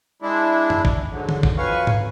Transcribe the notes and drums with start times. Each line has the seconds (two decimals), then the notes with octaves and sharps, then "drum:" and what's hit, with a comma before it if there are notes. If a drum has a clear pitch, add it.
0.22 G#3 D4 E4
0.70 drum: tom F#2
0.85 drum: kick A1
1.12 G#2 D3 F#3
1.29 drum: tom D3
1.43 drum: kick A1
1.58 F2 F#3 B4 F5 G#5 C#6
1.87 drum: tom G#2